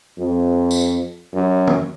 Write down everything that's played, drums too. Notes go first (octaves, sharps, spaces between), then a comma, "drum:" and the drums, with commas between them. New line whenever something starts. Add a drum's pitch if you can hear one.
F2
drum: tambourine
F#2
drum: tom